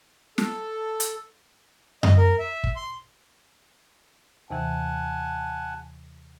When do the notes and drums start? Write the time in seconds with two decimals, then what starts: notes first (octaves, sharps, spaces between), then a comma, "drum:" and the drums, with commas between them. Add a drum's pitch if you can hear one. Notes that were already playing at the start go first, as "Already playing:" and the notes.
0.38 A4, drum: snare
1.00 drum: hi-hat
2.03 D#5, drum: tom F#2
2.18 A#4
2.39 E5
2.64 drum: kick
2.76 C6
4.51 D#2 C3 E3 F#5 G#5 A5